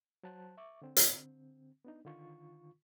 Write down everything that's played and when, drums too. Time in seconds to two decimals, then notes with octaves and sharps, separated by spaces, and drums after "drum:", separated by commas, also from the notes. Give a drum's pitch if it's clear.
0.23 F#3 C5 A5 F#6
0.57 E5 C#6 D6
0.82 D3 C4
0.96 drum: hi-hat
1.85 B3 D4 D#4
2.05 D3 D#3 F4 C#6